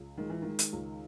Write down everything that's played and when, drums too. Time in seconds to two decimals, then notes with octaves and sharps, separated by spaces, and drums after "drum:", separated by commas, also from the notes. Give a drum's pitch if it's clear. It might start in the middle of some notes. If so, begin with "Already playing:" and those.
Already playing: C#2
0.17 D#3 G#3
0.30 E3
0.42 D#3 G#3
0.59 drum: hi-hat
0.73 C#2